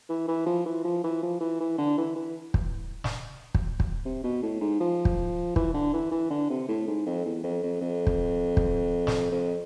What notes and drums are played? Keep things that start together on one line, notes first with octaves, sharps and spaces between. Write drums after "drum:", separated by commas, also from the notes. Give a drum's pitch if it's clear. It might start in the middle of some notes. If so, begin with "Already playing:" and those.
E3
E3
F3
E3
F3
E3
F3
E3
E3
D3
E3
E3
drum: kick
drum: snare
drum: kick
drum: kick
C3
B2
A2
G#2
F3
drum: kick
E3, drum: kick
D3
E3
E3
D3
C3
A2
G#2
F2
E2
F2
F2
F2
drum: kick
drum: kick
drum: snare
F2